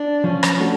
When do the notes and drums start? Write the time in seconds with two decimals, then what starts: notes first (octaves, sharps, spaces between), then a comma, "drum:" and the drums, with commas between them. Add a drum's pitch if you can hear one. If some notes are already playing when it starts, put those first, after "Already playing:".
Already playing: D4
0.24 F3 C#4
0.43 drum: rim click
0.60 A3 D4 F#4 A4